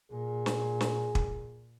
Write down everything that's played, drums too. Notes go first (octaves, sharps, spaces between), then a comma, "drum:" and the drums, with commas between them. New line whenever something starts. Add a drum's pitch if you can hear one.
A#2 G#4
drum: snare
drum: snare
drum: kick